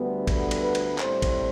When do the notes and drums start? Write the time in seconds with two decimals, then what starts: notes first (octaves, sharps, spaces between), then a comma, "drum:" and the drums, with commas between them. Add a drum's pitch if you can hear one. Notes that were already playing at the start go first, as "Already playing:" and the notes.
Already playing: D2 D3 G3 B3
0.27 B4, drum: kick, cymbal
0.51 drum: cymbal
0.63 B4
0.75 drum: cymbal
0.98 A2 G3 C4 C5, drum: clap
1.22 drum: kick, cymbal